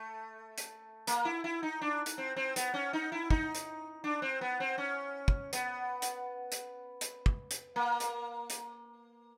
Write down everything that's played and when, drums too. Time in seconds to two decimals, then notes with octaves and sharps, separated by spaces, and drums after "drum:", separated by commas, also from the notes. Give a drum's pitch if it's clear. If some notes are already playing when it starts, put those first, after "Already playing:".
Already playing: A3
0.58 drum: hi-hat
1.07 A#3, drum: hi-hat
1.25 E4
1.44 E4
1.63 D#4
1.82 D4
2.06 drum: hi-hat
2.18 C4
2.36 C4
2.56 B3, drum: hi-hat
2.74 C#4
2.93 D#4
3.12 E4
3.30 D#4, drum: kick
3.55 drum: hi-hat
4.04 D4
4.22 C4
4.41 B3
4.60 C4
4.78 C#4
5.28 drum: kick
5.53 B3, drum: hi-hat
6.02 drum: hi-hat
6.52 drum: hi-hat
7.01 drum: hi-hat
7.26 drum: kick
7.51 drum: hi-hat
7.76 A#3
8.00 drum: hi-hat
8.50 drum: hi-hat